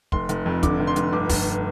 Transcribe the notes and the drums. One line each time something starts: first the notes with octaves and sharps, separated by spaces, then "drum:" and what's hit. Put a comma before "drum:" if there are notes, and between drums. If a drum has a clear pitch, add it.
F1 C6, drum: kick
F1, drum: hi-hat
F2
D3 D6, drum: kick, hi-hat
F1
C6
F1, drum: hi-hat
G1 D6
G1, drum: kick, open hi-hat